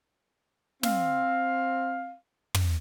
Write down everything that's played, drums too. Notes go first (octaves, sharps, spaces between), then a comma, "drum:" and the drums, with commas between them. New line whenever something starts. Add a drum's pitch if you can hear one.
C4 F5, drum: snare
drum: tom